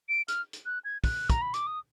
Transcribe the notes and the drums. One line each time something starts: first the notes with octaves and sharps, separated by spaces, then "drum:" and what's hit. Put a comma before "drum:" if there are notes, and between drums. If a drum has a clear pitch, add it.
D7
F6, drum: hi-hat
drum: hi-hat
F#6
G#6
F#6, drum: kick, open hi-hat
A#5, drum: kick, hi-hat
B5
D6, drum: hi-hat
D#6